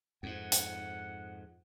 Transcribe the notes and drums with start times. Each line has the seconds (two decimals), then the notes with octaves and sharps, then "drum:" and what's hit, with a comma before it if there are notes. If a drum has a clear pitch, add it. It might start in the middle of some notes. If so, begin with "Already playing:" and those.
0.23 F2 G#2 F#5
0.52 drum: hi-hat